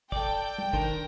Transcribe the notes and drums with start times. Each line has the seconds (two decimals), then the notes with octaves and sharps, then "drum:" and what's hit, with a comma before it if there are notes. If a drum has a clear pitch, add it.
0.12 A4 D5 G5, drum: kick
0.58 drum: tom
0.73 D#3 D4 A#4 C5, drum: kick